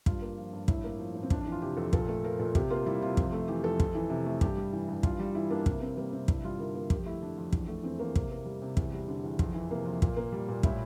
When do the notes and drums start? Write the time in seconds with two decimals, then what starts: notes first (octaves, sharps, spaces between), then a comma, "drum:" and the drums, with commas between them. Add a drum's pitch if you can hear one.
0.06 G2 F4, drum: kick
0.22 A#3
0.38 F3
0.53 G2
0.68 A2 E4, drum: kick
0.84 A#3
0.99 F3
1.14 A2
1.23 C4
1.30 F2 D4, drum: kick
1.41 D4
1.47 E3
1.52 F4
1.62 C3 G4
1.77 F2 A4
1.93 A#2 A4, drum: kick
2.08 A3 A4
2.24 F3 A#4
2.39 A#2 A4
2.55 C3 G4, drum: kick
2.70 A#3 F4
2.86 G3 E4
3.02 C3 F4
3.17 F2, drum: kick
3.32 A3
3.48 E3 G4
3.64 F2 A4
3.80 F2, drum: kick
3.95 E3
4.10 C3
4.26 A3
4.41 G2 G4, drum: kick
4.57 G3
4.73 E3
4.89 G2
5.03 G2 F4, drum: kick
5.19 G3
5.35 E3 E4
5.50 A#3 D4
5.66 C3 E4, drum: kick
5.81 A#3 C4
5.97 G3 A#3
6.13 C3 C4
6.28 G2 E4, drum: kick
6.44 G3 F4
6.59 D3 A#4
6.75 A#3 A#4
6.90 F2 G4, drum: kick
7.06 A3 E4
7.22 D3 D4
7.38 F2
7.53 E2, drum: kick
7.68 A3
7.83 E3 C4
7.99 E2 A#3
8.16 C3, drum: kick
8.31 A#3
8.45 G3
8.62 C3
8.77 E2, drum: kick
8.93 G3
9.08 D3
9.24 E2
9.39 F2, drum: kick
9.54 E3
9.70 C3 A#3
9.86 F2
10.02 A#2, drum: kick
10.17 A#3
10.32 G3
10.49 A#2
10.63 A2 E4, drum: kick